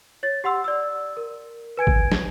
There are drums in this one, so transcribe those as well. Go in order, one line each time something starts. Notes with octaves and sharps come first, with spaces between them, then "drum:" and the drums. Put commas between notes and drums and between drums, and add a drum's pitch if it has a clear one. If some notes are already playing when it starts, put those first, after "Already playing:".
C#5 A6
G4 F#5 C6 E6
D5 E6
A#4
B4 G#5 G#6 D7
drum: kick G#1
drum: snare